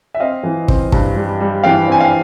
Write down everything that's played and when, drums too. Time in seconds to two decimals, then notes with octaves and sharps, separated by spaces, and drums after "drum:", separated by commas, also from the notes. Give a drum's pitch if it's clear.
0.15 E5
0.20 C4 D#5 F5
0.43 E3
0.68 C4, drum: kick
0.92 G2, drum: kick
1.16 G3
1.40 G3
1.63 E3 F5 G5
1.88 C4 G#5
1.99 F5 G5